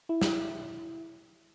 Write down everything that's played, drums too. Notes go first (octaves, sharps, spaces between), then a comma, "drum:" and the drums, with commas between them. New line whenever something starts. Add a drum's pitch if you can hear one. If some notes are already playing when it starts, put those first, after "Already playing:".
E4
drum: snare